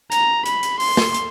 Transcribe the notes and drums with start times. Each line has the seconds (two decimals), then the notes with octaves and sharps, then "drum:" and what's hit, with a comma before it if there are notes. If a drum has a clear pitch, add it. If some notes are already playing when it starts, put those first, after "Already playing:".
0.12 A#5, drum: hi-hat
0.46 B5, drum: hi-hat
0.63 drum: hi-hat
0.80 C6, drum: open hi-hat
0.97 drum: snare
1.14 drum: hi-hat